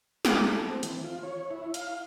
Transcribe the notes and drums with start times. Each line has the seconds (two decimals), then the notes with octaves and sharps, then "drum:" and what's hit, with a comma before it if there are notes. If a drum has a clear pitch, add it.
0.25 D6, drum: snare
0.47 A4
0.69 C4
0.83 E3, drum: hi-hat
1.04 F4
1.23 C#5
1.51 E4
1.74 F5, drum: hi-hat